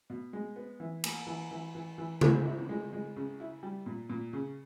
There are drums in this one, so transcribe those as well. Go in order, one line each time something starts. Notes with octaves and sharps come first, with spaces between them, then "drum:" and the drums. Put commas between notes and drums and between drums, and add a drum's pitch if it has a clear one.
B2
G#3
B3
E3
A#3, drum: cymbal
E3
E3
E3
E3
G#3, drum: tom C#3
E4
G#3
G#3
C#3
E4
G3
A#2
A#2
C#3